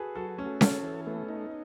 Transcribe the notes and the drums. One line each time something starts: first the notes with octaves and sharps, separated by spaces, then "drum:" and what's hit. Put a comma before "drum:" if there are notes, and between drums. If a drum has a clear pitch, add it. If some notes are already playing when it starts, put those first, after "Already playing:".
Already playing: F#4 G#4 A4 B4
F#3 F#4 A4
A3 C#4
C#4 A4, drum: snare C#4
E3
A3 B3
D#4